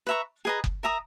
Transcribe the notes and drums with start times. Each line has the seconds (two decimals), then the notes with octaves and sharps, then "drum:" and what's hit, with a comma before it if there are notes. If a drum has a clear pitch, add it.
0.07 B4 E5 A#5 C#6
0.45 G#4 B4 D#5 A#5
0.64 drum: kick F#1
0.83 A#4 E5 A#5 D#6